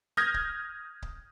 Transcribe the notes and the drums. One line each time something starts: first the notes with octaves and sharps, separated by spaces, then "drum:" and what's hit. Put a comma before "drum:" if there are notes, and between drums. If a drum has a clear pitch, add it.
D#6 F6 G6 G#6 A#6
drum: kick C#1
drum: kick C#1